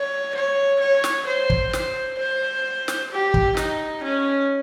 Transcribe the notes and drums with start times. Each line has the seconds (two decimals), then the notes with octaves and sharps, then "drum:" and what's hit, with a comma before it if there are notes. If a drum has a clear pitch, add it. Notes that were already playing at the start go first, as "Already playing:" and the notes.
Already playing: C#5
0.35 C#5
0.80 C#5
1.04 drum: snare
1.27 C5
1.50 drum: kick
1.73 C5, drum: snare
2.19 C5
2.88 drum: snare
3.11 G4
3.34 drum: kick
3.57 D#4, drum: snare
4.03 C#4